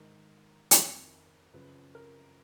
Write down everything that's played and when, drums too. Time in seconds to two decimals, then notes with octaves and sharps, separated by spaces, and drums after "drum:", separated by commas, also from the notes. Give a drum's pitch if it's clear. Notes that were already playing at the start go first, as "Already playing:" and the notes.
Already playing: G#2 D#3 A#4
0.71 F2 D#3, drum: hi-hat
1.53 F#2 C#3 F3 B4
1.95 A#4